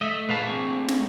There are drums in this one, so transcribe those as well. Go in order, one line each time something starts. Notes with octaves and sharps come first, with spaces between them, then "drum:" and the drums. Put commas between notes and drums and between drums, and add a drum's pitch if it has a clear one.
A3 D#5 E5
A#2 G#4 B4 F5 A5
A3 C4 C#6
drum: snare